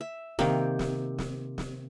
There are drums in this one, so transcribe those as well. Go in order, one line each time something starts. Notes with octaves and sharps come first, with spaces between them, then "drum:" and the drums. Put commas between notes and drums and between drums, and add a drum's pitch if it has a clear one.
E5
C3 D#3 A#3 G5, drum: snare
drum: snare
drum: snare
drum: snare